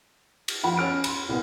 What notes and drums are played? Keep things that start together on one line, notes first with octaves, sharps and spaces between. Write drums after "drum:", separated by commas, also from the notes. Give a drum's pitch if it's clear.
drum: cymbal
F3 F4 F#5 B5
C#4 F6 D7
B5 C6, drum: cymbal
C2 B3